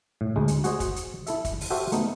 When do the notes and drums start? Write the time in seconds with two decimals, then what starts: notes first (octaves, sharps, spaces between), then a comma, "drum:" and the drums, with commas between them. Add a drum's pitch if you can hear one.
0.21 A2
0.36 D2 G#3
0.48 drum: hi-hat
0.64 F#4 G#4 C5 D#5, drum: hi-hat
0.80 drum: kick, hi-hat
0.96 drum: hi-hat
1.27 E4 A4 E5, drum: hi-hat
1.45 drum: kick, hi-hat
1.61 drum: open hi-hat
1.70 F#4 G4 A4 C5 E5 F5
1.92 A3 B3 D#4, drum: hi-hat